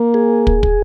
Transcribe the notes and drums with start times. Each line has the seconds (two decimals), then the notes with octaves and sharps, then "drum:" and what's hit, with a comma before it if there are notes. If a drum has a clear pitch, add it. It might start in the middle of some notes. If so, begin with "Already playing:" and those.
Already playing: A#3
0.14 G#4
0.47 drum: kick
0.63 drum: kick